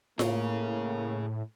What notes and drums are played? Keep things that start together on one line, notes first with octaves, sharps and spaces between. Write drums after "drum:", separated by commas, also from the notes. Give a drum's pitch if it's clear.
A2 A#3 G#4 C#5, drum: snare F4